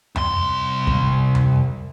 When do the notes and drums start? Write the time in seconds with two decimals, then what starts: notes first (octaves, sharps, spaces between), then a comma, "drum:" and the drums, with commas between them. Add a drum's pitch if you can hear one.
0.16 C2 C6, drum: tom F2
0.87 drum: kick
1.35 drum: tom F2